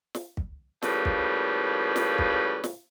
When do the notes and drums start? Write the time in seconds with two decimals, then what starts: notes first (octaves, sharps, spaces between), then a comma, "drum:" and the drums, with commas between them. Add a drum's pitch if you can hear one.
0.15 drum: snare
0.37 drum: kick
0.82 A2 C#3 F3 G3 A#3 B4, drum: snare
1.05 drum: kick
1.96 drum: snare
2.18 drum: kick
2.64 drum: snare